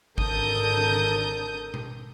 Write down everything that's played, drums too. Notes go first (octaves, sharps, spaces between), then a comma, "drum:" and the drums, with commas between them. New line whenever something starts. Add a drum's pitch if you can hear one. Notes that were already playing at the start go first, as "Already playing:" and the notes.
G#1 D3 A#4 A5 D#6 G6, drum: kick G#1
drum: tom B2